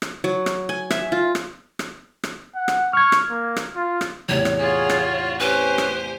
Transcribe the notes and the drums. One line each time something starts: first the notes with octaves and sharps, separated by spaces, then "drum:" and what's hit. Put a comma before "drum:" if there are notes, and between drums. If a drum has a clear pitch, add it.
drum: rim click
F#3
drum: rim click
G#5
E5, drum: rim click
F4
drum: rim click
drum: rim click
drum: rim click
F#5
drum: rim click
C#6 F6 G#6
drum: rim click
A#3
drum: rim click
F4
drum: rim click
E2 A2 C3 C#5
drum: rim click
F4 F#4 G#4
drum: rim click
C#4 G4 B4 C5 G#5
drum: rim click